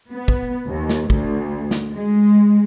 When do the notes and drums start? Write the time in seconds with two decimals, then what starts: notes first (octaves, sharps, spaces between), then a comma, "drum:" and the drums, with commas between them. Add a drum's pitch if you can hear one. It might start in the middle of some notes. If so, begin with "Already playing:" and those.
0.11 B3
0.28 drum: kick
0.68 D#2
0.89 drum: snare
1.10 D2, drum: kick
1.71 drum: snare
1.95 G#3